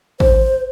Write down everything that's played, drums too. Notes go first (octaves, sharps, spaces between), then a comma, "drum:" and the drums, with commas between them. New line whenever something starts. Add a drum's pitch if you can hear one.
C5, drum: kick